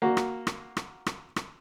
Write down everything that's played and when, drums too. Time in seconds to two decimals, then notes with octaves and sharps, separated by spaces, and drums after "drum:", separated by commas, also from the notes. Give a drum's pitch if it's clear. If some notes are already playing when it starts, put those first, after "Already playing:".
0.02 A#3 F#4
0.17 drum: rim click
0.47 drum: rim click
0.77 drum: rim click
1.06 drum: rim click
1.36 drum: rim click